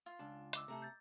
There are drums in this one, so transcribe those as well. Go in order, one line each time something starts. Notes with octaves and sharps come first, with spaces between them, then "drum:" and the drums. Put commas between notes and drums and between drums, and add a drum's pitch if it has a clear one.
F4
C#2 D4
D#5 D6 E6, drum: hi-hat
C3 A3 A4 A#5
G6 A6